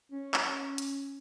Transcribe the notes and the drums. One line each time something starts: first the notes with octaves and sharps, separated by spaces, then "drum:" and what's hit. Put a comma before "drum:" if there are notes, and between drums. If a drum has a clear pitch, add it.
C#4
drum: clap
drum: hi-hat